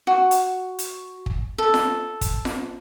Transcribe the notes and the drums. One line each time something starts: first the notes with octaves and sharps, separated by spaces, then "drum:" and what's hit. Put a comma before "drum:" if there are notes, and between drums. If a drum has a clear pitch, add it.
F#4
drum: hi-hat
drum: hi-hat
drum: kick
A4
drum: snare F4
drum: kick, hi-hat
drum: snare F4